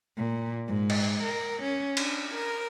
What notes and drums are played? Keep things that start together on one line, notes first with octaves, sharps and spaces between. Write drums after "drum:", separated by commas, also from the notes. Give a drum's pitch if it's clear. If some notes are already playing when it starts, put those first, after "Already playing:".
A#2
G#2
drum: cymbal
A#4
C#4
D4, drum: cymbal
A#4